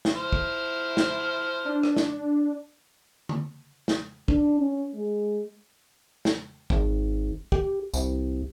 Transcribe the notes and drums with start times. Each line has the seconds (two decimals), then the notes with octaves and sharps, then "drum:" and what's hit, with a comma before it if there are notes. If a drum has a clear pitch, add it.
0.05 drum: snare
0.16 E4 C5 F6
0.33 drum: kick
0.97 drum: snare
1.65 D4
1.83 drum: rim click
1.97 drum: snare
3.29 drum: tom D3
3.88 drum: snare
4.28 D4, drum: kick
4.60 C#4
4.95 G#3
6.25 drum: snare
6.70 G#1, drum: kick
7.52 G4, drum: kick
7.94 C2, drum: tambourine